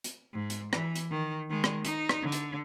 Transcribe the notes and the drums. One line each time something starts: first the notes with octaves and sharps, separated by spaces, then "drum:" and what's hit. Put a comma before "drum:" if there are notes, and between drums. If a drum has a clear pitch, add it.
drum: hi-hat
G#2
drum: hi-hat
E3, drum: rim click
drum: hi-hat
D#3
D#3 G#3
drum: rim click
D#4, drum: hi-hat
drum: rim click
D3
drum: hi-hat